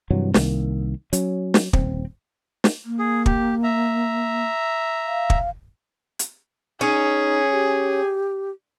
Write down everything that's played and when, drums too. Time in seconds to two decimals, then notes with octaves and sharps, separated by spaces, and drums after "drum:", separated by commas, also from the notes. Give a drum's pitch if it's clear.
0.10 G2 C3 E3 F#3
0.34 C2 D#3 A#3, drum: snare
1.13 F#3 C#4, drum: hi-hat
1.54 drum: snare
1.73 D#1 C4, drum: kick
2.64 drum: snare
2.85 A#3
2.99 G#4
3.26 G4, drum: kick
3.63 E5 A#5
5.06 F5
5.30 drum: kick
6.19 drum: hi-hat
6.81 C#4 D#4 G#4
7.52 G4